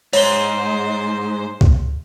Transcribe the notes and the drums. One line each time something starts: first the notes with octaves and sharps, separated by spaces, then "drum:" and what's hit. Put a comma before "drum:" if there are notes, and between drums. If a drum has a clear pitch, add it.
G#2 C5 C#5 G7, drum: open hi-hat
drum: kick C2